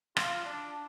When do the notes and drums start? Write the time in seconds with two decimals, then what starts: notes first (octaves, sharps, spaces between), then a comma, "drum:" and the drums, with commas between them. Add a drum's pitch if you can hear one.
0.17 F4, drum: rim click
0.45 D4